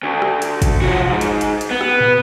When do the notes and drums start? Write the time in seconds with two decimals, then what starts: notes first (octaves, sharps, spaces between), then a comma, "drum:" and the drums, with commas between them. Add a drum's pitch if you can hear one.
0.03 D2
0.22 drum: rim click
0.42 drum: hi-hat
0.62 drum: kick, hi-hat
0.82 F3 F#4, drum: tom B2
1.10 G#2
1.21 drum: hi-hat
1.41 drum: hi-hat
1.61 drum: hi-hat
1.71 B3
1.81 drum: rim click
2.01 drum: tom